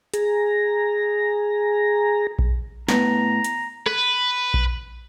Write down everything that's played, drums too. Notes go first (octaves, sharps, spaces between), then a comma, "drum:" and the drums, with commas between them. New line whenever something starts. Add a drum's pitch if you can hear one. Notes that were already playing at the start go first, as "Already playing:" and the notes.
G#4 A#5, drum: hi-hat
drum: kick A#1
A2 B3 A#5, drum: snare
drum: hi-hat
B4, drum: rim click
drum: kick A#1